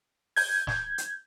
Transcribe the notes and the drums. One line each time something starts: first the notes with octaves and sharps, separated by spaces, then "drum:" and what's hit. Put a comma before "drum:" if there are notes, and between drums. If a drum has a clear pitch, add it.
G6 G#6, drum: open hi-hat
drum: snare
drum: hi-hat